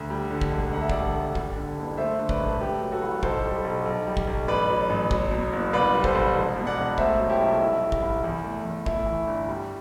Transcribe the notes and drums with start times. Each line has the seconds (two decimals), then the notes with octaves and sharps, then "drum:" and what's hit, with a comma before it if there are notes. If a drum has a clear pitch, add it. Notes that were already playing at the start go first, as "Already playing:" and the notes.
Already playing: D2
0.10 G3
0.31 D3
0.41 drum: kick
0.51 E1
0.73 D2 F#5
0.81 E5
0.90 G3 D5 F#5, drum: kick
1.14 D2
1.35 G3, drum: kick
1.56 D3
1.78 F#1
1.97 A3 C5 E5
2.19 D3
2.29 B4 D5, drum: kick
2.40 E1
2.60 A3 G4 B4
2.81 F#3
2.92 F#4 A4
3.02 C2
3.23 B1 A4 C5, drum: kick
3.44 G3
3.65 B1
3.86 B1
4.07 G3
4.17 drum: kick
4.27 B1
4.48 A1 B4 D5
4.69 F#3
4.90 A1
5.11 F#3, drum: kick
5.31 B2
5.53 F#1
5.73 C2 B4 D5
5.94 G3
6.04 A4 C5, drum: kick
6.15 C2
6.35 E1
6.56 B2
6.67 D5 F#5
6.78 E1
6.98 A3 C5 E5, drum: kick
7.20 F#3
7.29 E4 G4
7.40 B1
7.61 C2 E4
7.82 G3
7.92 drum: kick
8.02 C2
8.24 E2
8.44 A3
8.65 E2
8.86 A3 E4, drum: kick
9.06 E3
9.27 G1
9.49 G3